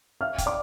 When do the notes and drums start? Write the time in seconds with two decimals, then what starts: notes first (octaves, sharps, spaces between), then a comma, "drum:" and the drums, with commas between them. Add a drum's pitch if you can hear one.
0.21 E5 F5 F6
0.38 G5, drum: kick, hi-hat
0.46 D5 D6